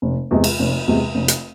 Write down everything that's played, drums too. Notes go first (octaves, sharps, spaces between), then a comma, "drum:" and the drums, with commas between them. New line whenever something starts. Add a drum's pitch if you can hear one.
F1
E2 C3 G#3
drum: cymbal
F1
E2 C3 G#3
F1
drum: hi-hat